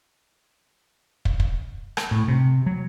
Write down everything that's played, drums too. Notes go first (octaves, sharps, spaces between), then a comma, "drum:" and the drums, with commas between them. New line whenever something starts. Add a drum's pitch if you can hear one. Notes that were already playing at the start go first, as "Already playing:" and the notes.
drum: kick
drum: kick
drum: rim click
A2
C3
F#3